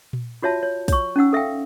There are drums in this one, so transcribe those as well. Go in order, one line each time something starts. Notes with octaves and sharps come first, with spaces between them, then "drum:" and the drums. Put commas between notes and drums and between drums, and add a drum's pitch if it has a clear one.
drum: tom A#2
F4 F#4 C#5 E5 A5
C#5
C#5 C#6, drum: kick A#1, open hi-hat
C#4 D#4 F#5 E6
A4 E5 F5 G5